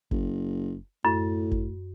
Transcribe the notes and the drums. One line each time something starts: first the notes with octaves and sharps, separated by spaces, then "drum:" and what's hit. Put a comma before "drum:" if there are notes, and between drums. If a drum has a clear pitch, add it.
F#1, drum: kick G1
F#2 A2
drum: kick G1